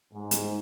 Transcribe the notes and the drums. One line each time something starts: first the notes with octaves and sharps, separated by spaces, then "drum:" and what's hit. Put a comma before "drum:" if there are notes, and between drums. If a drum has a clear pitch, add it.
G#2
drum: hi-hat